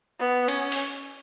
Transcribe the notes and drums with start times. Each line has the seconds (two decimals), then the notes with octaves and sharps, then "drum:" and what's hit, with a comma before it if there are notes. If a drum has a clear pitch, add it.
0.20 B3
0.48 C#4, drum: cymbal
0.72 drum: open hi-hat